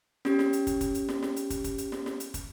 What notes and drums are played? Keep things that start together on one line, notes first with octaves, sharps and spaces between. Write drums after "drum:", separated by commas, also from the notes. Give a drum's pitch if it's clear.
C#4 G4, drum: snare
drum: snare
drum: hi-hat
drum: kick, hi-hat
drum: kick, hi-hat
drum: hi-hat
drum: snare
drum: snare
drum: hi-hat
drum: kick, hi-hat
drum: kick, hi-hat
drum: hi-hat
drum: snare
drum: snare
drum: hi-hat
drum: kick, hi-hat